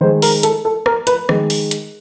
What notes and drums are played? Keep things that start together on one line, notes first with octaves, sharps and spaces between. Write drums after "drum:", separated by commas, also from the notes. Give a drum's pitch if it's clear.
D#3 G#3 C5
A#4, drum: open hi-hat
A4, drum: hi-hat
A4
A#4, drum: rim click
B4, drum: hi-hat
D#3 G#3, drum: rim click
drum: open hi-hat
drum: hi-hat